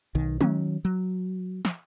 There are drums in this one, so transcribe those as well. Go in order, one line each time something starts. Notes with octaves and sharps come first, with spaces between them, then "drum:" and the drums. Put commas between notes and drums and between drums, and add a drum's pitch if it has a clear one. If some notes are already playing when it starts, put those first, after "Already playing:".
B1 D#3
D#3 F#3 C#4, drum: tom G#3
F#3
drum: snare